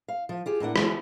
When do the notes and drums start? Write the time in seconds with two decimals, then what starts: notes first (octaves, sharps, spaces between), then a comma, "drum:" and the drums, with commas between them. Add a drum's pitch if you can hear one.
0.08 F5
0.29 F3
0.46 F4 G4 G#4
0.60 A2 A#3 D4 F#5
0.76 D3 E3 F3 G#3 B3, drum: rim click